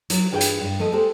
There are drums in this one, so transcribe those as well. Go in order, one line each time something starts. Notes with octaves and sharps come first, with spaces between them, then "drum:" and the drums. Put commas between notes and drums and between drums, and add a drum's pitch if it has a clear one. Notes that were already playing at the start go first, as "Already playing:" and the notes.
F#3, drum: hi-hat
G2 E3 F4 G#4 C#5 G5
drum: hi-hat
G2
F3 A3 A4 D#5
G#3 G4 A4 C5